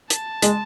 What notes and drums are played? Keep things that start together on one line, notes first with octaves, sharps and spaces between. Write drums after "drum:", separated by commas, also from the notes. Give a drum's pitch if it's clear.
A5, drum: hi-hat
G#3, drum: hi-hat